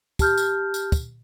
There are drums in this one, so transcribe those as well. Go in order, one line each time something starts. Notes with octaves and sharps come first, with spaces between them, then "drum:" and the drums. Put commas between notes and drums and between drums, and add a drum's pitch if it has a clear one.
G4 A5 F6 G6, drum: kick, tambourine
drum: tambourine
drum: tambourine
drum: kick, tambourine